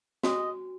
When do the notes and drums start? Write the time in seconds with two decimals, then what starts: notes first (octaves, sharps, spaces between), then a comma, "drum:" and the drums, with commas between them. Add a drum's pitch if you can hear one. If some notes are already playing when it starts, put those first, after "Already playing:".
0.24 F#4 D#5, drum: snare